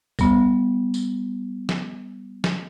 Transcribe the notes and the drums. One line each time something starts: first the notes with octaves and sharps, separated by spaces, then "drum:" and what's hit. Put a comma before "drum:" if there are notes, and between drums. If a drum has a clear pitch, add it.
G3 B3, drum: kick C2, tambourine
drum: tambourine
drum: snare
drum: snare